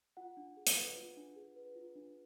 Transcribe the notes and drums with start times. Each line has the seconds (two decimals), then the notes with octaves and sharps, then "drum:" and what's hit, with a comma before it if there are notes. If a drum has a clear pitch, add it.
0.17 F4 F#5
0.37 D4
0.57 G#4
0.67 drum: hi-hat
0.77 B4
0.97 F4
1.17 D4
1.36 G#4
1.56 B4
1.76 F4
1.96 D4